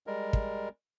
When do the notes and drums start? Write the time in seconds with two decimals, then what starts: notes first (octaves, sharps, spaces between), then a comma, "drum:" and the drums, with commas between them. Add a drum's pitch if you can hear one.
0.07 G3 G#3 A#4
0.33 drum: kick